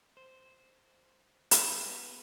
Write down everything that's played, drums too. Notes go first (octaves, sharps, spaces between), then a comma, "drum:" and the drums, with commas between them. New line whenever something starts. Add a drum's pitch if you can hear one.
C5
drum: hi-hat
B3